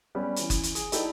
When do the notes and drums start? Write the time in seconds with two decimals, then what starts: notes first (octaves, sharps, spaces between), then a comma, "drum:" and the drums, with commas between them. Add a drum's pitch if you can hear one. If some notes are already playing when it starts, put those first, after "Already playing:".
0.15 G3 B3 C#4
0.36 E3 C#4, drum: hi-hat
0.50 drum: kick F#1, hi-hat
0.63 drum: hi-hat
0.75 G#4, drum: hi-hat
0.92 D#4 E4 G4 A4 D5, drum: hi-hat